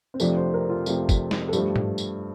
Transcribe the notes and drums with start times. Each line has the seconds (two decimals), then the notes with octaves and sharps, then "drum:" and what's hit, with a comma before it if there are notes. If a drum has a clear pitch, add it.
0.14 C4
0.20 F2 C3 F3 A3 D4, drum: tambourine
0.37 C5
0.54 A#4
0.70 F4
0.86 F2 C3 F3 A3, drum: tambourine
1.09 drum: kick, tambourine
1.31 drum: snare
1.49 A4
1.53 G2 F3 A3 G4, drum: tambourine
1.76 drum: tom G#2
1.98 drum: tambourine